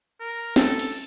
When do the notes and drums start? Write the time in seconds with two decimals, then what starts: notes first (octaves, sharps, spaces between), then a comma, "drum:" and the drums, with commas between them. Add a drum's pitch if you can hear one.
0.20 A#4
0.56 A4, drum: snare
0.79 drum: cymbal